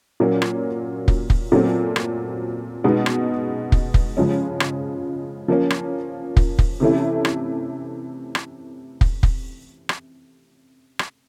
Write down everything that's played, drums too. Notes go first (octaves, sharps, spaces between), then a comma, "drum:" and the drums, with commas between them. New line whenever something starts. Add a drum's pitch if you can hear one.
A#2 F#3 A#3 C#4
drum: rim click
drum: kick
drum: kick
A#2 F#3 A3 C4
drum: rim click
B2 G#3 B3 D#4
drum: rim click
drum: kick
drum: kick
C#3 F3 G#3 C#4
drum: rim click
F3 A#3 C#4
drum: rim click
drum: kick
drum: kick
C3 E3 A3 C#4 E4
drum: rim click
drum: rim click
drum: kick
drum: kick
drum: rim click
drum: rim click